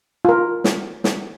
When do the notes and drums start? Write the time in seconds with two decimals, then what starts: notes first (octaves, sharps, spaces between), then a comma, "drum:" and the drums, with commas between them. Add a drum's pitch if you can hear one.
0.25 F4 A#4
0.64 drum: snare
1.04 drum: snare